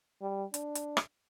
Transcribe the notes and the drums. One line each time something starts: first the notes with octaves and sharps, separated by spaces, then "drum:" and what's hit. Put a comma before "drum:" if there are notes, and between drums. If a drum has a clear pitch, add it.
G3
D4, drum: hi-hat
drum: hi-hat
drum: rim click